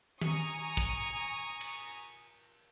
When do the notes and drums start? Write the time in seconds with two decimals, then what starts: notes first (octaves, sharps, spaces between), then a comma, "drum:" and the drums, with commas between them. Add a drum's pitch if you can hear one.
0.21 G#5 A#5 C#6 D#6, drum: tom D#3
0.77 drum: kick
1.61 drum: cymbal